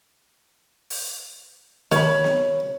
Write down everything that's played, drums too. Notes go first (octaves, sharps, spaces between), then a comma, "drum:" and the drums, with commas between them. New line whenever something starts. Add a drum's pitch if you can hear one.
drum: open hi-hat
D#3 C#5 B5, drum: hi-hat
drum: snare B3